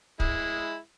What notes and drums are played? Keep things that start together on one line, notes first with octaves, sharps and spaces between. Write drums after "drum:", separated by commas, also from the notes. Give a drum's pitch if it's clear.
G#3 E4, drum: kick